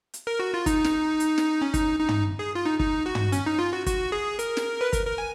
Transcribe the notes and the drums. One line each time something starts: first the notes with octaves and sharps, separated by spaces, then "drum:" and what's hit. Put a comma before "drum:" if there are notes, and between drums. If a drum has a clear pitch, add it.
drum: hi-hat
A#4
F#4
F4
D#4, drum: kick, hi-hat
drum: snare
drum: hi-hat
drum: snare
C#4
D#4, drum: kick, hi-hat
D#4
drum: tom
G#4
F4
D#4
D#4, drum: kick
F#4
drum: tom
C#4, drum: hi-hat
D#4
F4
F#4
F#4, drum: kick, hi-hat
G#4
A#4, drum: hi-hat
drum: snare
B4
A#4, drum: kick, hi-hat
A#4
G#5